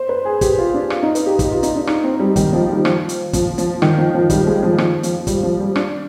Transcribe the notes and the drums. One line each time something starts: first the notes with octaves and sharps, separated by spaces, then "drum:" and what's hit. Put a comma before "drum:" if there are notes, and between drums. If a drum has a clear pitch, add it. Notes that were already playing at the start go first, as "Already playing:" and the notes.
Already playing: C5
B4
G#4
G4, drum: kick, hi-hat
F4
D4
F4, drum: rim click
D#4
B4, drum: hi-hat
G4
G4, drum: kick, hi-hat
F4
D#4, drum: hi-hat
D4
D#4, drum: rim click
C4
G3
D#3, drum: kick, hi-hat
F3
G3
F3, drum: rim click
drum: hi-hat
F3, drum: kick, hi-hat
F3, drum: hi-hat
D#3, drum: rim click
F3
F3
G3, drum: kick, hi-hat
G#3
F3
F3, drum: rim click
F3, drum: hi-hat
G3, drum: kick, hi-hat
F3
G3
D4, drum: rim click